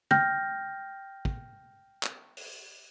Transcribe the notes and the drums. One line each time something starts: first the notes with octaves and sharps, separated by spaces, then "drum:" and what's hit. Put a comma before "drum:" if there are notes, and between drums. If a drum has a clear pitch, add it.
G5 F6 G6 A#6, drum: tom
drum: kick
drum: clap
drum: open hi-hat